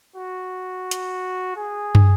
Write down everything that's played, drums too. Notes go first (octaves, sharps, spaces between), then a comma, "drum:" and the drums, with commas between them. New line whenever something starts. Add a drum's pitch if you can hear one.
F#4
drum: hi-hat
G#4
drum: tom